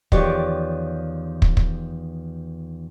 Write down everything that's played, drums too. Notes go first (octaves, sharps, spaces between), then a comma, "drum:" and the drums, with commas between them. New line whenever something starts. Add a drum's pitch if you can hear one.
E2 D#3 F3 G4 C#5 D5, drum: kick
drum: kick
drum: kick